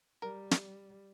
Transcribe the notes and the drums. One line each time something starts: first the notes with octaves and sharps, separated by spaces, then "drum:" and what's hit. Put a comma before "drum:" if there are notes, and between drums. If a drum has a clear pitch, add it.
G3 A#4
drum: snare